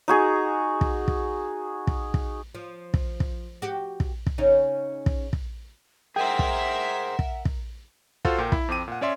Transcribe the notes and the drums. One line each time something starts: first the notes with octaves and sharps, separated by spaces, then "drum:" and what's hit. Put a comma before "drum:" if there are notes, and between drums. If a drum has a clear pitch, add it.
D#4 F#4 G#4
drum: kick
drum: kick
drum: kick
drum: kick
F3
drum: kick
drum: kick
F#4 G4
drum: kick
drum: kick
C#3 C#4 D#4
drum: kick
drum: kick
G#4 A#4 C5 E5 F#5 G5
drum: kick
drum: kick
drum: kick
F4 F#4 A4 C5 F5 F#5, drum: kick
A#2 A#4 G5
E4, drum: kick
F2 C4 D6 D#7
A#2 F#5
C#4 C#5 D5 E5 C6